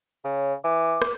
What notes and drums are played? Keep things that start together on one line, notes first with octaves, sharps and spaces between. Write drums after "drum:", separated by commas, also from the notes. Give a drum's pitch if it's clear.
C#3 C#5
E3 D6
drum: rim click